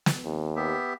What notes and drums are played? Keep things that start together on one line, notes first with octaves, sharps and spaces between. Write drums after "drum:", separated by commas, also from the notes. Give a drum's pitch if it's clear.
drum: snare
D#2
B3 G4 E5